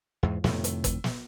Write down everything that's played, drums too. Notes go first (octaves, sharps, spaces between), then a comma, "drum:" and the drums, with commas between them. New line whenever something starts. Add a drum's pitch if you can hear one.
E2 G#2
F2 A2 C3 D#3, drum: snare
drum: hi-hat
drum: kick, hi-hat
drum: snare